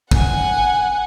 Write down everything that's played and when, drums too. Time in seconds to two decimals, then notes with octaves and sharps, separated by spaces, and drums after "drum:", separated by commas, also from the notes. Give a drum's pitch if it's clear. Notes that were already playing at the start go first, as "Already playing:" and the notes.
0.11 F#5 G#5, drum: kick